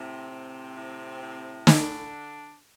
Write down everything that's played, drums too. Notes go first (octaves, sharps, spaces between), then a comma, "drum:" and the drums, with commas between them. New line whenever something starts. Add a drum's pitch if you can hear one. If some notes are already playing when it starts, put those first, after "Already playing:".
Already playing: A2 C3 C4
A2
A2
A2
A2 D3 D4, drum: snare